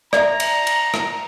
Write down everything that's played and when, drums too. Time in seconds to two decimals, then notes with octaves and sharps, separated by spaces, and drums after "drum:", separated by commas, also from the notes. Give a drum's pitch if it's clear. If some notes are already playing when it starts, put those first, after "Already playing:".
0.13 D5 E5 A#5, drum: rim click
0.40 drum: cymbal
0.67 drum: cymbal
0.94 drum: rim click